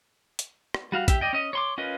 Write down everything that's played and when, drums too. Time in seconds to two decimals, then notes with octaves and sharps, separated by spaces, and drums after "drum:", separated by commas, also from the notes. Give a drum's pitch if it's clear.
0.39 drum: hi-hat
0.74 drum: rim click
0.92 G3 F#4 F5
1.08 G4 E5, drum: kick, hi-hat
1.21 D5 D#5 G5
1.33 C#4 D#5
1.53 C#5 C6 D6
1.78 C#4 F4 A#4 B4 D#5